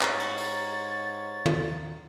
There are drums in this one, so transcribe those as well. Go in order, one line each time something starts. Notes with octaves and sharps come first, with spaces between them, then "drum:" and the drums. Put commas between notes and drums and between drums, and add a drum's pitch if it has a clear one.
G#2 C#5 A#5 A6, drum: clap
drum: cymbal
drum: open hi-hat
drum: tom